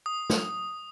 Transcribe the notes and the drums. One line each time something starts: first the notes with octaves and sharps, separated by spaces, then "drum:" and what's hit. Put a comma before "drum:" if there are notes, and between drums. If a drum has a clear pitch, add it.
D#6
drum: snare